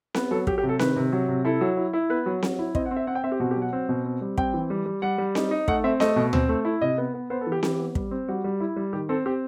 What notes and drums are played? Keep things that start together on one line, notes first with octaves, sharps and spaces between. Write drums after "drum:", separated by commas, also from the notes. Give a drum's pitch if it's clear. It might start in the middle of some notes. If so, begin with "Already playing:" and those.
B3 B4, drum: snare C4
F#3 A4
F#3 G4, drum: kick
G4
C3
A4
D#3 B4, drum: snare C4
C3
F#3
C3
E4 A4
F#3
E4
E4
B3 B4
F#3
F#3, drum: snare C4
E4
C4 D#5, drum: kick
F#5
C4
E5
C4 F#5
G5
C4 E5
G4
B2 F#4
G4
F#3
F#5
C4
B2
C4
G3
C4 G5, drum: kick
E3
G3
G3
G3 F#5
G3
D#4, drum: snare C4
D#4
A3 F#5, drum: kick
C4 E5
A3 D#5, drum: snare C4
B2
C4, drum: tom D2
A3
E4
C3 D#5
B3
B3
B3 C5
A4
E3
G4
E3 G4, drum: snare C4
B3
G3, drum: kick
C4
G3 F#4
G3
E4
G3
D#3 G4
C4 A4
C4 G4